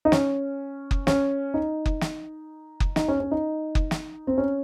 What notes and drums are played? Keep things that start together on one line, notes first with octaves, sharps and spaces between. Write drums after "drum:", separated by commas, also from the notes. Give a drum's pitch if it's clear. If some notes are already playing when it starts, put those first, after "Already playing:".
D#4
C#4, drum: snare
drum: kick F#1
C#4, drum: snare
D#4
drum: kick F#1
drum: snare
drum: kick F#1
D#4, drum: snare
C#4
C#4
D#4
drum: kick F#1
drum: snare
C4
C#4